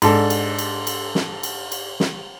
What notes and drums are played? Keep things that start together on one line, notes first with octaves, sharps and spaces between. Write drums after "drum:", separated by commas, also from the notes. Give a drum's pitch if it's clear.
G#2 D4 A4, drum: cymbal
drum: cymbal
drum: cymbal
drum: cymbal
drum: snare
drum: cymbal
drum: cymbal
drum: snare